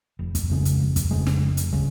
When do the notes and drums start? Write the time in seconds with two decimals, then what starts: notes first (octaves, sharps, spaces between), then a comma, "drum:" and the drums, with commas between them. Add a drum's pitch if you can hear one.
0.19 F1
0.35 drum: kick, hi-hat
0.50 F2 C#3 G#3
0.65 drum: hi-hat
0.80 F1
0.96 drum: kick, hi-hat
1.11 F2 C#3 G#3
1.27 drum: snare
1.42 F1
1.57 drum: hi-hat
1.73 C#3 G#3, drum: kick